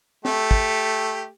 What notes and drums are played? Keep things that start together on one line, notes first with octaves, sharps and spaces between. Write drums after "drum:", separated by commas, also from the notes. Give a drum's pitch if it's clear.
A3 G4, drum: snare C4
drum: kick